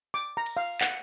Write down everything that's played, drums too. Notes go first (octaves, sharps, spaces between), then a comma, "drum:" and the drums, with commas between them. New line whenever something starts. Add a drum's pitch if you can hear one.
D6
A#5
drum: cymbal
F5
F#5, drum: clap